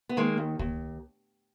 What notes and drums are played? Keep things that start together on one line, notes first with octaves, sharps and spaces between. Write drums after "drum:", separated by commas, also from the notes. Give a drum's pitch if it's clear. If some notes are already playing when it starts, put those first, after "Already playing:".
B3
D#3 G#3 A#3
D#2
D#2, drum: kick C#2